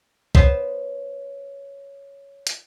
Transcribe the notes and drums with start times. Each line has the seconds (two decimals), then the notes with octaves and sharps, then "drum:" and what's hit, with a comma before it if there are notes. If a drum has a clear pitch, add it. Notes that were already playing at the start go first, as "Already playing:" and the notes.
0.35 B3 C5 C#5 E5, drum: kick
2.47 drum: hi-hat